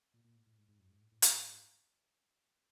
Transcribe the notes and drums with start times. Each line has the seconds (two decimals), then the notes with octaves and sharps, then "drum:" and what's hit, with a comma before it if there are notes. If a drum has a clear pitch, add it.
0.14 A#2
0.25 A#2
0.36 A2
0.47 A2
0.58 G#2
0.68 G#2
0.79 F#2
0.90 G#2
1.02 A2
1.12 A2
1.22 A#2, drum: hi-hat
1.34 A2
1.45 G#2